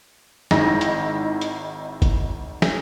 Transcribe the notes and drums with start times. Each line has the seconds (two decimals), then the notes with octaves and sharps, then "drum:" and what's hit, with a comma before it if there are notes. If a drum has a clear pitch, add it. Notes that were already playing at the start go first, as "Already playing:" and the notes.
0.51 G#1 D#4 E4 A#6, drum: snare
0.81 drum: hi-hat
1.41 drum: hi-hat
2.02 drum: kick, hi-hat
2.62 drum: snare